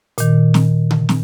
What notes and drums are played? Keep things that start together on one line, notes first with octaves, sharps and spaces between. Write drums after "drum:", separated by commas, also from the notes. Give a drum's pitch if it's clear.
A#2 D#3, drum: hi-hat
drum: snare
drum: tom C#3
drum: snare